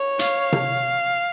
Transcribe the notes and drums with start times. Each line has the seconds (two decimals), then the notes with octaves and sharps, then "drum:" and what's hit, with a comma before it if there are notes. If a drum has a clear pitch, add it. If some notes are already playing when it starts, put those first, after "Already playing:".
Already playing: C#5
0.19 F5, drum: hi-hat
0.52 drum: tom C3